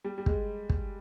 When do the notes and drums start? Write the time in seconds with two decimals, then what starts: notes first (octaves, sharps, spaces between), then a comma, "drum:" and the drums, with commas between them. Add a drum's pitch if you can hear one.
0.05 G3
0.18 G3
0.26 G#3, drum: kick
0.70 drum: kick